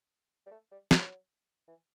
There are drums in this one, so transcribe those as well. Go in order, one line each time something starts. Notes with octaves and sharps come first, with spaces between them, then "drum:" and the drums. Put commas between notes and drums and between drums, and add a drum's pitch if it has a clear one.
G3
A3
G3
F#3, drum: snare
E3